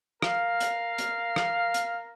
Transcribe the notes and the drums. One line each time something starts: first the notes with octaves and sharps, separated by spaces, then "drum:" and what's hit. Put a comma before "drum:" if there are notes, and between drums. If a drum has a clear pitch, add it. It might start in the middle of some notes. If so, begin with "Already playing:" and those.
A#4 F5, drum: rim click
drum: hi-hat
drum: hi-hat
drum: rim click
drum: hi-hat